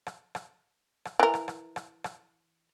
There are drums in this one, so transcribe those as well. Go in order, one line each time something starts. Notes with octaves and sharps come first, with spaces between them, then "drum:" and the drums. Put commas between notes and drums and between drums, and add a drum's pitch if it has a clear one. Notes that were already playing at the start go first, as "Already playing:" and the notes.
drum: rim click
drum: rim click
drum: rim click
E3 A#4
drum: rim click
drum: rim click
drum: rim click
drum: rim click